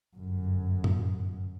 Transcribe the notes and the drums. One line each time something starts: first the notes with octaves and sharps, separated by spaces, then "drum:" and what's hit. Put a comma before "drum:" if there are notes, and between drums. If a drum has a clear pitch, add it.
G1 F#2
drum: tom A2